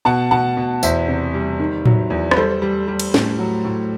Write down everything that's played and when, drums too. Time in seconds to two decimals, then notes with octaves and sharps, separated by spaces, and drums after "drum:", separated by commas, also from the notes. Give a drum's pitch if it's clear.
0.05 B2 F#5 A5
0.31 B2 F#5 A5
0.57 B2
0.83 E2 C5 E5, drum: tambourine
1.08 C3
1.34 G3
1.60 D#3
1.86 F#3, drum: tom A2
2.10 E2
2.31 B4, drum: rim click
2.36 G3 A4 C5
2.62 G3
2.88 G3
3.00 drum: cymbal
3.14 A2, drum: snare
3.39 F#3
3.65 A2